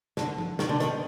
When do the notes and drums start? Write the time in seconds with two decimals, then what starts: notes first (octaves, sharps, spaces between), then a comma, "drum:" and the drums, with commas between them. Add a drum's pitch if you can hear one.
0.17 D3, drum: snare
0.38 drum: tom F3
0.59 D#3, drum: snare
0.69 D3
0.80 D#3, drum: hi-hat